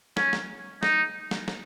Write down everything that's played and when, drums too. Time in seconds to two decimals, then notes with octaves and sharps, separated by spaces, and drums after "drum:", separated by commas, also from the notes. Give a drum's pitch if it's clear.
0.17 C#4, drum: snare
0.33 drum: snare
0.83 D#4, drum: snare
1.31 drum: snare
1.48 drum: snare